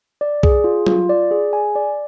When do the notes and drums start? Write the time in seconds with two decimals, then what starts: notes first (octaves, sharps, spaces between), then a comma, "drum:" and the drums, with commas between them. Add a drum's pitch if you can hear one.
0.21 D5
0.43 G#4, drum: kick B1
0.64 F4
0.86 F4, drum: tom F#3
1.09 D5
1.31 G#4
1.53 G#5
1.76 D5